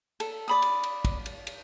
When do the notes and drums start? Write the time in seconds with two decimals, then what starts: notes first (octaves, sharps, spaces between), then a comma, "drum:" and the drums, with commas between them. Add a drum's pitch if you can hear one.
0.20 A4, drum: cymbal
0.48 D5 B5 D#6
0.62 drum: cymbal
0.83 drum: cymbal
1.05 drum: kick, cymbal
1.26 drum: cymbal
1.47 drum: cymbal